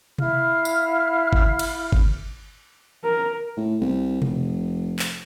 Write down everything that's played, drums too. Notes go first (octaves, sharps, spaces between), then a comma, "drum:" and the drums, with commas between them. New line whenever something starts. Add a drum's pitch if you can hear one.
E4 F5 F6, drum: tom B2
drum: tambourine
drum: kick G1
drum: cymbal
drum: kick G1
A#4
A2
C2
F1, drum: tom B2
drum: clap